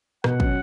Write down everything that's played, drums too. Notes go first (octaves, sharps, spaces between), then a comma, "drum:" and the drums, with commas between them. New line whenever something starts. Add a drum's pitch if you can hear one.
B2 F#5, drum: rim click
F#3 C#4, drum: kick